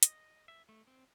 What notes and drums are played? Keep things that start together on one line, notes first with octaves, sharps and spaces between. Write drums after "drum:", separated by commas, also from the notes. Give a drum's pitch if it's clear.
D#5, drum: hi-hat
E5
A3
C4